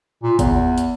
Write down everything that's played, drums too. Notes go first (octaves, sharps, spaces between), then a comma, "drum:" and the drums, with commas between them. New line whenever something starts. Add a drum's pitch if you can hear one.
A#2
E2, drum: kick, hi-hat
drum: hi-hat